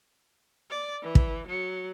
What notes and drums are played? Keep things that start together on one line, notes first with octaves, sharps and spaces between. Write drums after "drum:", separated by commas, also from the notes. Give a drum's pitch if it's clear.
D5
E3
drum: kick
F#3